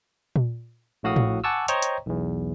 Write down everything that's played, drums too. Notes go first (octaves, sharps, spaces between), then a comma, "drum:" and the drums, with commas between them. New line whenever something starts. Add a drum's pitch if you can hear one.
drum: tom A#2
A#1 A2 F#4 F5 D#6
drum: tom A2
F#5 G#5 A5 C#6 D6 E6
C5 C#5 D#5 G5 A#5 C#6, drum: hi-hat
drum: hi-hat
B1 E2